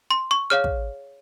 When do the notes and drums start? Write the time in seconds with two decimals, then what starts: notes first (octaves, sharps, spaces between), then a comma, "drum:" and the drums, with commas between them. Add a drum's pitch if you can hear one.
0.11 C6
0.31 C#6
0.50 G#4 C#5 F5 F6
0.64 drum: kick